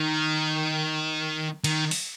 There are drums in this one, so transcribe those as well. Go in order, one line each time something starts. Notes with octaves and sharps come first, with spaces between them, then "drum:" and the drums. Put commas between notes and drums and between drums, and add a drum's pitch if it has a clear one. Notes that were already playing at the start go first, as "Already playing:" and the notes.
Already playing: D#3
D#3, drum: cymbal
drum: open hi-hat